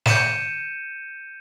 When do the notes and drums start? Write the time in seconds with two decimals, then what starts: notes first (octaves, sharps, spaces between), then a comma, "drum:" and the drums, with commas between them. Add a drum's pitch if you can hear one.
0.06 G6 C#7 D#7 E7, drum: snare